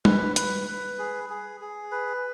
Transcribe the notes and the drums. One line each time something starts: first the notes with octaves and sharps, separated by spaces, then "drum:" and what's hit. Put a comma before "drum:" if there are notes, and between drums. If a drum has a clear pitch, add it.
B4, drum: tom G3
B4, drum: hi-hat
B4
G#4
G#4
G#4
B4